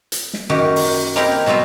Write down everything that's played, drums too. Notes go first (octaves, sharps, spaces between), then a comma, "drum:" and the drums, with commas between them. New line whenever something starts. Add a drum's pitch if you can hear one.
drum: hi-hat
drum: snare
F#2 D#3 A#3 F#4 G4
drum: open hi-hat
A#3 C4 D#4 E4 G4 A#4
B2 F#3 B3 F4 E5